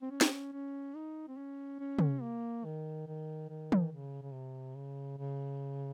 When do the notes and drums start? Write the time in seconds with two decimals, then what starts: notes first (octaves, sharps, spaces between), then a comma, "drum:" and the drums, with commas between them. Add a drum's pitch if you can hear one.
0.02 C4
0.11 C#4
0.21 drum: snare
0.53 C#4
0.96 D#4
1.28 C4
1.37 C#4
1.80 C#4
1.99 drum: tom
2.22 A#3
2.65 D#3
3.07 D#3
3.49 D#3
3.72 drum: tom
3.91 C#3
4.22 C#3
4.34 C3
4.76 C#3
5.18 C#3